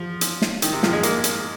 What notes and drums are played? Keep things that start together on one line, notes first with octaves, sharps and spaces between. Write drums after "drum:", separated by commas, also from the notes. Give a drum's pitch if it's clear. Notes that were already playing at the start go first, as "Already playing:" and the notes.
Already playing: F3
drum: hi-hat
drum: snare
D#3, drum: hi-hat
C3
F3, drum: snare
G#3
A#3, drum: hi-hat
drum: hi-hat